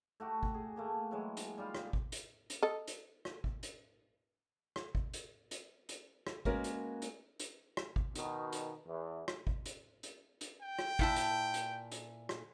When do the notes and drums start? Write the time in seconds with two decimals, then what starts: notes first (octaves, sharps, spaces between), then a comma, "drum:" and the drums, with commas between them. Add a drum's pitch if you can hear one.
0.20 A3 F#4 G4
0.43 drum: kick G#1
0.54 G#4
0.76 A3 A#3 G4
1.11 E3 F#3 G#3
1.37 drum: hi-hat
1.58 G3 D#4 F4
1.75 drum: rim click
1.93 drum: kick G#1
2.12 drum: hi-hat
2.50 drum: hi-hat
2.62 A4 D#5
2.88 drum: hi-hat
3.25 drum: rim click
3.44 drum: kick G#1
3.63 drum: hi-hat
4.76 drum: rim click
4.95 drum: kick G#1
5.14 drum: hi-hat
5.51 drum: hi-hat
5.89 drum: hi-hat
6.27 drum: rim click
6.45 G#3 A#3 B3 C#4 F#4 A#4, drum: kick G#1
6.64 drum: hi-hat
7.02 drum: hi-hat
7.40 drum: hi-hat
7.77 drum: rim click
7.96 drum: kick G#1
8.15 B2 D#3, drum: hi-hat
8.53 drum: hi-hat
8.87 E2 E3
9.28 drum: rim click
9.47 drum: kick G#1
9.66 drum: hi-hat
10.03 drum: hi-hat
10.41 drum: hi-hat
10.62 G5
10.79 drum: rim click
10.99 A#2 E4 A5, drum: kick G#1
11.16 drum: hi-hat
11.54 drum: hi-hat
11.92 drum: hi-hat
12.29 drum: rim click